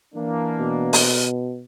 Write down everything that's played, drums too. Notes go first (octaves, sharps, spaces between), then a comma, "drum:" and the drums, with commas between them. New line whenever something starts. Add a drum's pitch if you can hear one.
E3 A#3 D4
B2
drum: open hi-hat